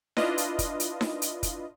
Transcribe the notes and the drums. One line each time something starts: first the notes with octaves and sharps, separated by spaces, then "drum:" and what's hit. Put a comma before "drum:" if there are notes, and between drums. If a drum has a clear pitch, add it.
D4 E4 F4 B4 D#5, drum: snare D#4
drum: hi-hat
drum: kick, hi-hat
drum: hi-hat
drum: snare D#4
drum: hi-hat
drum: kick, hi-hat